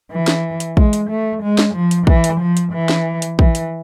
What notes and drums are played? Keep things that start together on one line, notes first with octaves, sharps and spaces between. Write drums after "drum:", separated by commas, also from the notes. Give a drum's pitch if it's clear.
E3
drum: snare
drum: hi-hat
G#3, drum: kick
drum: hi-hat
A3
G#3
drum: snare
F3
drum: hi-hat
E3, drum: kick
drum: hi-hat
F3
drum: hi-hat
E3
drum: snare
drum: hi-hat
E3, drum: kick
drum: hi-hat